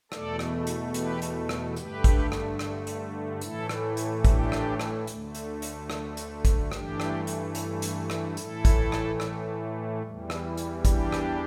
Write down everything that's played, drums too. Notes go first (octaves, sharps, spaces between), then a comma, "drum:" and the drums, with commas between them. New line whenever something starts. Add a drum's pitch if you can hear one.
E2 B2 A3 A4 D5, drum: rim click
drum: rim click
drum: hi-hat
G4 B4, drum: hi-hat
drum: hi-hat
drum: rim click
G2 D3 A3 G4 B4, drum: hi-hat
drum: kick, hi-hat
drum: rim click
drum: rim click
drum: hi-hat
A2 E3 A3 E4 A4, drum: hi-hat
drum: rim click
drum: hi-hat
D4 G4, drum: kick, hi-hat
drum: rim click
drum: rim click
D2 D3 A3, drum: hi-hat
drum: hi-hat
drum: hi-hat
drum: rim click
drum: hi-hat
drum: kick, hi-hat
G2 E3 A3 D4 G4, drum: rim click
drum: rim click
drum: hi-hat
drum: hi-hat
drum: hi-hat
drum: rim click
A2 E3 A3 E4 A4, drum: hi-hat
drum: kick, hi-hat
drum: rim click
drum: rim click
E2 E3 G3
drum: rim click
drum: hi-hat
D4 G4, drum: kick, hi-hat
drum: rim click